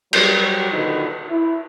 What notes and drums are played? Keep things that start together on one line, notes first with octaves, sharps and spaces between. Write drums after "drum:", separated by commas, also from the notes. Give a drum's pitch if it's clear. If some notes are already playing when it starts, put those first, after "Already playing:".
F#3 G3, drum: cymbal
A#2 D3 D#3 D#4 F#4 B4
E4